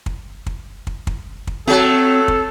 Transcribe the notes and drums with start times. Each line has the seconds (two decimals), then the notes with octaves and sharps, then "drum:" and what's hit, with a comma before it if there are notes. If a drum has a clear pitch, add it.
0.06 drum: kick
0.46 drum: kick
0.87 drum: kick
1.07 drum: kick
1.47 drum: kick
1.68 F#3 A3 C4 A4
2.28 drum: kick